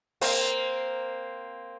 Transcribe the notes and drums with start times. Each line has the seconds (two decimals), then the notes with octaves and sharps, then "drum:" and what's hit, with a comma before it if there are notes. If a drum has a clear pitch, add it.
0.21 A#3 C4, drum: open hi-hat